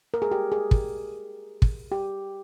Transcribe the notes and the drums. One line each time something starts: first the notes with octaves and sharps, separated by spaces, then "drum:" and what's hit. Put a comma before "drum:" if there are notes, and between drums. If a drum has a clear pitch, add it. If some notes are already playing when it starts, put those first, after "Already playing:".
A#4
G#4
G4
G#4
drum: kick
drum: kick
G4